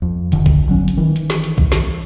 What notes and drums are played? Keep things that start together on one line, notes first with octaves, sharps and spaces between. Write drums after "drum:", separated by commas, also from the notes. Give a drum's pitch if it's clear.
F2
F1 D3 D#3, drum: hi-hat
drum: kick A#1
G1 F#3 C#4
drum: hi-hat
D#3 E3
drum: hi-hat
drum: snare
drum: hi-hat
drum: kick A#1
drum: snare